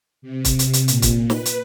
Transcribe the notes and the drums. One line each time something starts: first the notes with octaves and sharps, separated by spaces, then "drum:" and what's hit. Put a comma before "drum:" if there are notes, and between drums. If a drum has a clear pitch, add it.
C3
drum: kick, hi-hat
drum: hi-hat
drum: hi-hat
A#2, drum: hi-hat
drum: kick, hi-hat
B4, drum: snare
drum: hi-hat